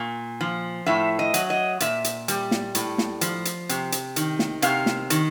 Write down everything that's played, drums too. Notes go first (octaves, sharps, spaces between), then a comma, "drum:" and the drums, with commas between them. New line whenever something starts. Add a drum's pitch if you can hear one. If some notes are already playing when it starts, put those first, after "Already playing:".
Already playing: A#2
F3
A2 E5
D#5
F#3, drum: hi-hat
D#5
A#2 E5, drum: hi-hat
drum: hi-hat
G3, drum: hi-hat
drum: snare
A2, drum: hi-hat
drum: snare
F3, drum: hi-hat
drum: hi-hat
C3, drum: hi-hat
drum: hi-hat
D#3, drum: hi-hat
drum: snare
C3 F5, drum: hi-hat
drum: snare
D#3, drum: hi-hat